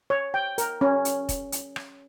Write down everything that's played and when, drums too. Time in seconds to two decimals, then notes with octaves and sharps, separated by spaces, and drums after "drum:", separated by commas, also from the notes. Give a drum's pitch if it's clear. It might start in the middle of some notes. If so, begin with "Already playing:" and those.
0.10 C#5
0.34 G5
0.58 A#4, drum: hi-hat
0.81 C#4
1.05 drum: hi-hat
1.29 drum: kick, hi-hat
1.52 drum: hi-hat
1.76 drum: rim click